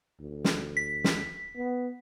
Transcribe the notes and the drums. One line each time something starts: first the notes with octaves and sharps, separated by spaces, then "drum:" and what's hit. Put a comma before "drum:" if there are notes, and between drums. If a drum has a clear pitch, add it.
D2
drum: snare
B6
drum: snare
B3